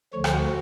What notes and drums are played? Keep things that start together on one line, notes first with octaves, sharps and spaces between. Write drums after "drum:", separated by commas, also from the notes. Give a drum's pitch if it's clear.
D2 D3 F3 C#5
C5, drum: rim click
F#4
F#4